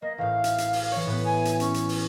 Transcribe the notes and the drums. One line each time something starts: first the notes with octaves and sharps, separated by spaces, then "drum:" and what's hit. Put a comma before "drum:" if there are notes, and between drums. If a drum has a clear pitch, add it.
A#3 D#5
A1 A2 F5
drum: hi-hat
drum: hi-hat
drum: open hi-hat
E3 C#5
A2 B3
G#5
drum: hi-hat
C#4, drum: hi-hat
drum: hi-hat
drum: open hi-hat